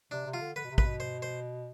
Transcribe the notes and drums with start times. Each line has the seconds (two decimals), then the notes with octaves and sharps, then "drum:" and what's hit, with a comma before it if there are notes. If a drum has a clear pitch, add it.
0.11 C3 D4
0.27 C3
0.34 F4
0.41 D3
0.56 D3 B4
0.64 B2
0.71 C3
0.78 B4, drum: kick
0.85 B2
1.00 C5
1.22 C5